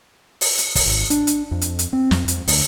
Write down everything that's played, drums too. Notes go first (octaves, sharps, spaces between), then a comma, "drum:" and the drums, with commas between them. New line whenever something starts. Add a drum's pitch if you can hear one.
drum: open hi-hat
drum: hi-hat
drum: kick, open hi-hat
G#1
D4, drum: hi-hat
drum: hi-hat
F2
drum: hi-hat
drum: hi-hat
C4
F2, drum: snare
F2, drum: hi-hat
D2, drum: open hi-hat